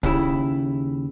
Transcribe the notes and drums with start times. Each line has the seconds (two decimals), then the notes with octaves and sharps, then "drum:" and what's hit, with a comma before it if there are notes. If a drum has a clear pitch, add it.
0.03 D#2 C#3 E4, drum: kick